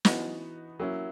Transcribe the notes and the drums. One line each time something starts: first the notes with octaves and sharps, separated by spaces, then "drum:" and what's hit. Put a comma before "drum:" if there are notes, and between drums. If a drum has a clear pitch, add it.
E3 B3 D#4 F#4, drum: snare
F#3 A#3 C#4 E4